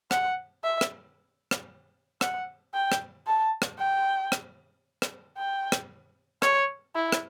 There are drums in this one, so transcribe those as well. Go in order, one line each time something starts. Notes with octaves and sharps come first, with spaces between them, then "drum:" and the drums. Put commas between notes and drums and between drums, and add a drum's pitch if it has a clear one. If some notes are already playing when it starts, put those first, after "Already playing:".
F#5, drum: rim click
E5
drum: rim click
drum: rim click
F#5, drum: rim click
G5
drum: rim click
A5
drum: rim click
G5
drum: rim click
drum: rim click
G5
drum: rim click
C#5, drum: rim click
E4
drum: rim click